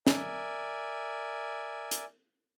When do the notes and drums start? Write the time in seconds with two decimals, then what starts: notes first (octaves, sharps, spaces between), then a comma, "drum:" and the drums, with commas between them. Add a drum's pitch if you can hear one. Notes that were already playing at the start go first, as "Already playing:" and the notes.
0.07 A#4 D5 E5 G#5, drum: snare
1.91 drum: hi-hat